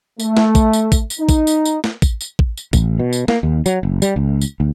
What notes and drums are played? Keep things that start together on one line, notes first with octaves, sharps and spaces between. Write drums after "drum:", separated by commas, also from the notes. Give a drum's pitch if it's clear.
A3, drum: tambourine
drum: snare
drum: kick A1, tambourine
drum: tambourine
drum: kick A1, tambourine
drum: tambourine
D#4
drum: kick A1, tambourine
drum: tambourine
drum: tambourine
drum: snare
drum: kick A1, tambourine
drum: tambourine
drum: kick A1
drum: tambourine
A1, drum: kick A1, tambourine
B2
drum: tambourine
A#3, drum: snare
D#2
F#3, drum: tambourine
F#1
G3, drum: tambourine
C#2
drum: tambourine
D2